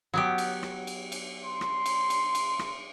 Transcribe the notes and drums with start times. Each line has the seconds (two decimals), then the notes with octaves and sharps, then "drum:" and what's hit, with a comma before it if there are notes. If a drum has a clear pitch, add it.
0.14 F#3 B3 G4
0.38 drum: cymbal
0.63 drum: rim click
0.87 drum: cymbal
1.12 drum: cymbal
1.45 C6
1.61 drum: rim click
1.86 drum: cymbal
2.10 drum: cymbal
2.35 drum: cymbal
2.59 drum: rim click